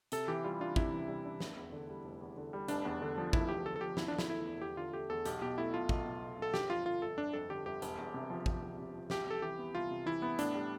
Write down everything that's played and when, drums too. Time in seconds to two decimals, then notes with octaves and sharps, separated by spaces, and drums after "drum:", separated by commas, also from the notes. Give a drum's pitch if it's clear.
0.12 C3 A4, drum: hi-hat
0.28 E3 G4
0.44 G3 F4
0.60 D4 F4
0.76 C3 E4, drum: kick
0.93 E3
1.08 G3
1.25 D4
1.40 F1, drum: snare
1.57 E2
1.72 D3
1.89 G3
2.05 F1
2.20 E2
2.37 D3
2.53 G3
2.68 F1 D4, drum: hi-hat
2.85 E2
3.02 D3
3.18 F3
3.33 F1 E4, drum: kick
3.49 E2 G4
3.65 D3 A4
3.76 A4
3.81 F3 G4
3.97 E2 E4, drum: snare
4.08 D4
4.13 D3
4.18 E4, drum: snare
4.29 A3 E4
4.45 E2
4.61 E2 G4
4.77 D3 F4
4.93 A3 G4
5.10 E2 A4
5.25 B1 G4, drum: hi-hat
5.42 B2 G4
5.58 A3 E4
5.74 B1 F4
5.89 B1, drum: kick
6.05 B2
6.22 A3
6.38 B1 A4
6.54 G1 G4, drum: snare
6.70 F2 F4
6.85 D3 F4
7.02 G1 A4
7.18 G1 D4
7.33 F2 A4
7.49 D3 G4
7.66 G1 G4
7.82 E1, drum: hi-hat
7.98 E2
8.14 C3
8.30 F3
8.46 E1, drum: kick
8.62 E2
8.78 C3
8.94 F3
9.10 C2 G4, drum: snare
9.27 C3 A4
9.42 E3 G4
9.58 B3
9.75 C2 F4
9.91 C3
10.06 E3 E4
10.22 B3
10.39 A2 D4, drum: hi-hat
10.55 G3